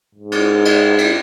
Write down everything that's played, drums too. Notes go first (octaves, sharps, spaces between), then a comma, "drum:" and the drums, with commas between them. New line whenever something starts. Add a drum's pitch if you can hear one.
G#2
drum: cymbal
drum: cymbal
drum: cymbal